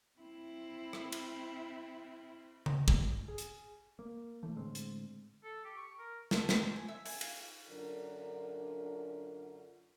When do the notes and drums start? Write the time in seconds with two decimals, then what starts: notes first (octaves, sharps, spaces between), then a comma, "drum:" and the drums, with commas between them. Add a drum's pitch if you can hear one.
0.20 C4 E4
0.93 drum: rim click
1.12 drum: cymbal
2.66 drum: tom C#3
2.88 G2, drum: kick
3.28 G#4
3.38 drum: hi-hat
3.99 A#3
4.43 E1 E3 A3
4.56 A2 D3 G#3 C4
4.75 drum: hi-hat
5.44 A4
5.64 G4
5.77 C#6
5.99 A#4
6.31 A5, drum: snare
6.49 E5, drum: snare
6.63 C5
6.76 G#5
6.88 E5
7.05 G#5, drum: open hi-hat
7.21 F5, drum: cymbal
7.68 F#2 D3 D4 F4 A#4